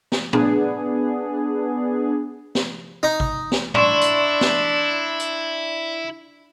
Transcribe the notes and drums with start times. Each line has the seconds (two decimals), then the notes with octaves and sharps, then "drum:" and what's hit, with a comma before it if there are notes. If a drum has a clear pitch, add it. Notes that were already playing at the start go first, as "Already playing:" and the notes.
0.12 drum: snare
0.33 B3 D4 G#4, drum: tom A2
2.55 drum: snare
3.03 D#4
3.20 drum: kick G#1
3.52 drum: snare
3.75 D4 E4 D5 C6 C#6, drum: tom A2
4.01 drum: hi-hat
4.41 drum: snare
5.20 drum: hi-hat